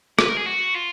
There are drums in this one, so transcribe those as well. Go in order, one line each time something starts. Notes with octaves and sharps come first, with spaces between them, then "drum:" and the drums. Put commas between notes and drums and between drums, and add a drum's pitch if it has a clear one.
B4, drum: rim click
A#4
G#4
F#4
F4